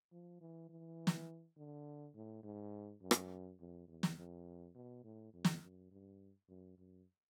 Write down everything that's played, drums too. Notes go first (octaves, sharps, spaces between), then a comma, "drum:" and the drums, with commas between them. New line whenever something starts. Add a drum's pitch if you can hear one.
F3
E3
E3
drum: snare
D3
A2
G#2
F#2
drum: rim click
F2
E2
drum: snare
F2
B2
A2
F2
drum: snare
F#2
G2
F#2
F#2